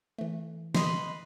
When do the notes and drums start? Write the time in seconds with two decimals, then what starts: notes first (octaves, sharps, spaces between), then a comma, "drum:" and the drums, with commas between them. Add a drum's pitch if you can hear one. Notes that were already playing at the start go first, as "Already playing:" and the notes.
0.18 E3 A3
0.75 B4 D#5 C6, drum: snare